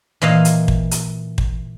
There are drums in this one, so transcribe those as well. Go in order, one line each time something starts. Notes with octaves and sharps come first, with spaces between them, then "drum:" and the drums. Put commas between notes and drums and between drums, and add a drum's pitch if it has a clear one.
A#2 E3 D#5 F5
drum: hi-hat
drum: kick
drum: hi-hat
drum: kick